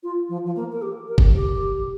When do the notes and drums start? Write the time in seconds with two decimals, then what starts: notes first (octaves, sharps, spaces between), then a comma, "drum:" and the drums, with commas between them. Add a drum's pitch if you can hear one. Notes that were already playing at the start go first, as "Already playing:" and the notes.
0.03 F4
0.29 F3
0.45 F3
0.56 A#3
0.72 A#4
0.82 G4
1.08 A#4
1.18 drum: kick F#1
1.34 G4